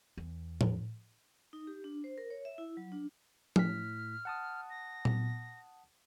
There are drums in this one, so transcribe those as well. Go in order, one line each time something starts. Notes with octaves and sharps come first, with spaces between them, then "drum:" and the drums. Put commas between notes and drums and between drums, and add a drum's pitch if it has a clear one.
E2
drum: tom
D#4
G4
D4
C5
A#4
C#5
E5
E4
F#3
D4
A2 F6 B6, drum: tom F3
F#5 A5 D#6
A#6
drum: tom A#2